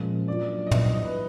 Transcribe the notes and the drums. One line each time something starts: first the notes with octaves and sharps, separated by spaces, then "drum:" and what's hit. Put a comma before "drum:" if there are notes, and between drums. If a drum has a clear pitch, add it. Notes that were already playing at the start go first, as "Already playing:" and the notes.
Already playing: A#2 F3 G#3 C#4
F#3 A#3 D4 F4 D5
D#5
E3 G3 B3 E4 E5, drum: tom
D#5
D#5
B4